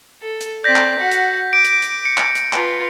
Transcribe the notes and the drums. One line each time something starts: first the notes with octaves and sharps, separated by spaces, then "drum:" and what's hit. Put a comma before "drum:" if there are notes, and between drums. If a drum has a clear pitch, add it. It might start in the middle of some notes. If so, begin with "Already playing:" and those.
A4
drum: hi-hat
C4 D5 G6 A#6 B6
drum: clap
F#4 F#5
drum: hi-hat
D6 D7
drum: hi-hat
drum: hi-hat
C#7
drum: clap
drum: hi-hat
F4 B4, drum: clap